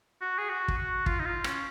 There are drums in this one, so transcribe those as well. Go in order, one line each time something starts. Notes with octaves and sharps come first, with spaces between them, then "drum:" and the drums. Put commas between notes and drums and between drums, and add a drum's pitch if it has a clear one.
F#4
G#4
F#4
drum: kick
F#4
F4, drum: kick
D#4
F4
C#4, drum: rim click